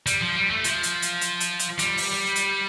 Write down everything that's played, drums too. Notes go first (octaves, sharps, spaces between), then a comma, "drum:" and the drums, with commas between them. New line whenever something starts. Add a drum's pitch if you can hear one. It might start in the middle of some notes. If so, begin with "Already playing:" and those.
G3, drum: hi-hat
F3
G3
A3
F3, drum: hi-hat
drum: hi-hat
drum: hi-hat
drum: hi-hat
drum: hi-hat
drum: hi-hat
G3, drum: hi-hat
drum: open hi-hat
drum: hi-hat